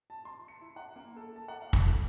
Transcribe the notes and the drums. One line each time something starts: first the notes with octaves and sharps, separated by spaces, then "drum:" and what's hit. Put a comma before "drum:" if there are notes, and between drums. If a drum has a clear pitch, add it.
A5
C6
C#7
E4
F#5
A#3
A4
A5
F#5
F5
drum: kick
A4
G#5